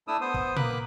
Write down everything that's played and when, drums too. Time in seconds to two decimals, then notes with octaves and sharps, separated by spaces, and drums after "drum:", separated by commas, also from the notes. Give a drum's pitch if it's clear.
0.08 A3 D4 E4 D#6 E6
0.21 B3 C5 D#6
0.34 drum: kick
0.56 A#3 B4 B5 D6 F#6, drum: tom A#2